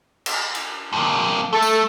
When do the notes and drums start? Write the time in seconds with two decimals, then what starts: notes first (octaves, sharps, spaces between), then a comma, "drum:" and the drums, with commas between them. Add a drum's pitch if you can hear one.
0.26 drum: cymbal
0.55 drum: cymbal
0.93 F2 A#3
1.53 A3 A4
1.62 drum: tambourine